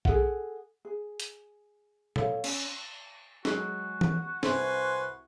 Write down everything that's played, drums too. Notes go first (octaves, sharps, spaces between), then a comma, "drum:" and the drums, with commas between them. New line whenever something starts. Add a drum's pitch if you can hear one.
G#4 A4 F#5, drum: kick
G#4
drum: hi-hat
A4 C#5 F5, drum: tom
C#4, drum: cymbal
F#3 G#3 F#4 G#4, drum: snare
drum: tom E3
C2 C3 B4 C5 G#5 C6, drum: snare